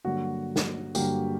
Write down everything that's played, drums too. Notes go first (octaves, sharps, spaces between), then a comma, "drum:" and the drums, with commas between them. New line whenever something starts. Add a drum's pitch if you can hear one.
G2 D3 F#3 A#3 F#4
drum: snare
G2 D3 F#3 A#3 G4, drum: tambourine